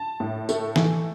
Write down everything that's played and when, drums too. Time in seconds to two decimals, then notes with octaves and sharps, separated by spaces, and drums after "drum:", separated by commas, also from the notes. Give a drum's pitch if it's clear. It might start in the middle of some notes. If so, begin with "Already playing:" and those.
Already playing: A5
0.20 A2
0.49 A3, drum: tambourine
0.76 E3, drum: snare